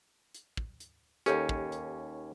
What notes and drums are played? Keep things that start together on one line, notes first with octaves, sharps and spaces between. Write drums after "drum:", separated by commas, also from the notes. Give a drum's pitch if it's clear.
drum: hi-hat
drum: kick
drum: hi-hat
D#2 C#4 G4 A4 C#5, drum: hi-hat
drum: kick
drum: hi-hat